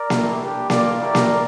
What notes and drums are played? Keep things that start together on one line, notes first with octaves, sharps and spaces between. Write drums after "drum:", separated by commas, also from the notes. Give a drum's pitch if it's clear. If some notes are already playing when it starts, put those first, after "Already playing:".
Already playing: A#4 D5
A3 E4 G4, drum: snare A#3
G3 D4 G4
A#3 F4 A#4 D5, drum: snare A#3
A3 E4 G4 A#4 D5
drum: snare A#3